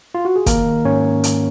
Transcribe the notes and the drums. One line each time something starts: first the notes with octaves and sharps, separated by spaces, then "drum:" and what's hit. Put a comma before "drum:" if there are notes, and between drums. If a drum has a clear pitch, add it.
F4
F#4
G#4
D#3 A#3 A#4, drum: kick, hi-hat
D#3
G#2 C#4 C#5
drum: hi-hat